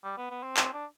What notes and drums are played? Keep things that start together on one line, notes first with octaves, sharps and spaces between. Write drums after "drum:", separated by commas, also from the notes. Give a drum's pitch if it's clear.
G3
B3
B3
C4
C4, drum: clap
D4